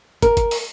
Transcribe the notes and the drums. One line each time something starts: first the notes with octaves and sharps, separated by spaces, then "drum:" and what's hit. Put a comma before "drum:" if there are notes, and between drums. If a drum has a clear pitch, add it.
A#4, drum: kick, hi-hat
drum: kick, hi-hat
drum: open hi-hat